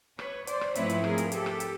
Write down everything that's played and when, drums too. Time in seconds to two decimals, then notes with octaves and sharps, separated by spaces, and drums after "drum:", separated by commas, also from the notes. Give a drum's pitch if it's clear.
0.19 B4 C#5, drum: rim click
0.47 C5 D5, drum: hi-hat
0.61 drum: rim click
0.75 G#2 F3 A3 C4 E4 B4 C#5, drum: hi-hat
0.90 drum: hi-hat
1.04 G#4 A#4, drum: rim click
1.18 drum: hi-hat
1.32 G4 A4, drum: hi-hat
1.46 drum: rim click
1.60 drum: hi-hat